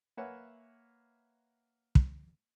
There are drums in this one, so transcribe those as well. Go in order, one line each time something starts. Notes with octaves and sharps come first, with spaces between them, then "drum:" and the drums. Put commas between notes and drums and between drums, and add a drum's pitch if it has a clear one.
A#3 B4 C#5 E5 F#5 G#5
drum: kick